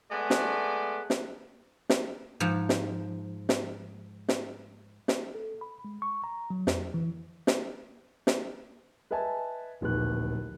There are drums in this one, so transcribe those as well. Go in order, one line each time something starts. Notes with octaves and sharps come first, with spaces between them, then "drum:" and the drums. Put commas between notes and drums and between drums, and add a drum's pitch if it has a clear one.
G#3 A3 B3 D5
drum: snare
drum: snare
drum: snare
G#2 F3
drum: snare
drum: snare
drum: snare
drum: snare
A4
B5
G#3
C#6
A#5
F#3
F2, drum: snare
E3
drum: snare
drum: snare
B4 D#5 E5 G#5 A5
D1 A#1 D#2 B4 F#6